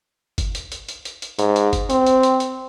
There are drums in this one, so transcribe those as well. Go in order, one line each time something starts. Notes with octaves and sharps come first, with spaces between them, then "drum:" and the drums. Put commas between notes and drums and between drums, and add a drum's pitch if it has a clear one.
drum: kick G1, hi-hat
drum: hi-hat
drum: hi-hat
drum: hi-hat
drum: hi-hat
drum: hi-hat
G#2, drum: hi-hat
drum: hi-hat
drum: kick G1, hi-hat
C4, drum: hi-hat
drum: hi-hat
drum: hi-hat
drum: hi-hat